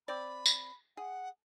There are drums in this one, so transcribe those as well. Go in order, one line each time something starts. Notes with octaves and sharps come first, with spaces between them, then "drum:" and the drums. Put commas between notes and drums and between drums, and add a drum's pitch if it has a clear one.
C4 D5 B5
drum: tambourine
G#4 F#5